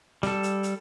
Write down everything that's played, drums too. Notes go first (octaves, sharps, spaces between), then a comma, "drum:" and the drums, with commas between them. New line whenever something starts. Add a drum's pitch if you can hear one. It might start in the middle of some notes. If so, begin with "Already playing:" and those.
G3 A4, drum: snare
drum: hi-hat
drum: hi-hat